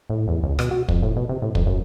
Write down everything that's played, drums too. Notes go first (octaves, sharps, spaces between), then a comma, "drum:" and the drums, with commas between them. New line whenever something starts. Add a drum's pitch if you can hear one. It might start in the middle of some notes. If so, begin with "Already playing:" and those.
A2
E2
C#2
B2, drum: rim click
F#4
F2, drum: kick
A2
B2
C3
A2
F2, drum: kick
F#2